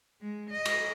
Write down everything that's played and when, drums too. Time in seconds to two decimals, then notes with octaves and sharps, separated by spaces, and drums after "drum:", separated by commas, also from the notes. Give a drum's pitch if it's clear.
0.21 G#3
0.50 D#5
0.65 drum: cymbal